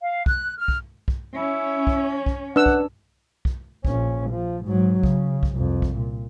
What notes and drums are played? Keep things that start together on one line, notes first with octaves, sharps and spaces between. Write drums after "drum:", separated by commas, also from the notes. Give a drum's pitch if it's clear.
F5
F#6, drum: kick
F6
drum: kick
drum: kick
C#4 E4
drum: kick
drum: kick
D4 B4 F#5 E6
drum: kick
drum: kick
A#1 C#4, drum: kick
F3
G#2 F#3
C#3, drum: kick
drum: kick
C2 F2
drum: kick
A#2